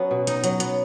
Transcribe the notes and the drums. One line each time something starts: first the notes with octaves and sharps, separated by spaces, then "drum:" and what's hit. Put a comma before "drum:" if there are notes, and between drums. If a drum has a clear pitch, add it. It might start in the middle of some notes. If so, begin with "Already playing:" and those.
Already playing: F#3 B3 C#4
B2
D#4, drum: hi-hat
F#3, drum: hi-hat
B3, drum: hi-hat